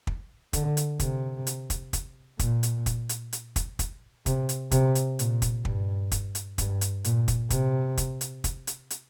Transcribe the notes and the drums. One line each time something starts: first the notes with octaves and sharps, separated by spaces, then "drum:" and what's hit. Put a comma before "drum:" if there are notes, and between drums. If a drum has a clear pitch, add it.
drum: kick
D3, drum: kick, hi-hat
drum: hi-hat
C3, drum: kick, hi-hat
drum: hi-hat
drum: kick, hi-hat
drum: kick, hi-hat
A#2, drum: kick, hi-hat
drum: hi-hat
drum: kick, hi-hat
drum: hi-hat
drum: hi-hat
drum: kick, hi-hat
drum: kick, hi-hat
C3, drum: kick, hi-hat
drum: hi-hat
C3, drum: kick, hi-hat
drum: hi-hat
A#2, drum: hi-hat
drum: kick, hi-hat
G2, drum: kick
drum: kick, hi-hat
drum: hi-hat
G2, drum: kick, hi-hat
drum: hi-hat
A#2, drum: hi-hat
drum: kick, hi-hat
C3, drum: kick, hi-hat
drum: kick, hi-hat
drum: hi-hat
drum: kick, hi-hat
drum: hi-hat
drum: hi-hat